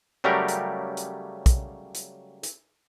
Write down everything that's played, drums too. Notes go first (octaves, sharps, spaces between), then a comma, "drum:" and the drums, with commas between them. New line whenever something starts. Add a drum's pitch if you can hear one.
C#3 F#3 G3 A3 G4 A#4
drum: hi-hat
drum: hi-hat
drum: kick, hi-hat
drum: hi-hat
drum: hi-hat